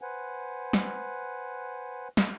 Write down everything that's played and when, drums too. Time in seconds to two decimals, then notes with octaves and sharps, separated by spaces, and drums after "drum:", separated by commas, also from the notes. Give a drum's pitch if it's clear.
0.01 B4 C5 F#5 G#5
0.73 drum: snare
2.17 drum: snare